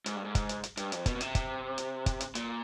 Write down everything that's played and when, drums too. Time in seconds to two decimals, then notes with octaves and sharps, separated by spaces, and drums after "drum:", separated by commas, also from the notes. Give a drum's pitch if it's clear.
0.06 G#2, drum: hi-hat
0.16 G2
0.25 G#2
0.35 drum: kick, hi-hat
0.49 drum: hi-hat
0.63 drum: hi-hat
0.77 G2, drum: hi-hat
0.92 F2, drum: hi-hat
1.06 B2, drum: kick, hi-hat
1.16 B2
1.21 C3, drum: hi-hat
1.35 drum: kick, hi-hat
1.78 drum: hi-hat
2.06 drum: kick, hi-hat
2.20 drum: hi-hat
2.35 A#2, drum: hi-hat